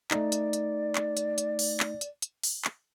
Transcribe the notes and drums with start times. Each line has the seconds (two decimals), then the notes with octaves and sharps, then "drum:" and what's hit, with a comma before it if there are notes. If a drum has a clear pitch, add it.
0.11 A3 D#4 D5, drum: clap
0.32 drum: hi-hat
0.53 drum: hi-hat
0.95 drum: clap
1.17 drum: hi-hat
1.38 drum: hi-hat
1.59 drum: open hi-hat
1.80 drum: clap
2.01 drum: hi-hat
2.22 drum: hi-hat
2.44 drum: open hi-hat
2.65 drum: clap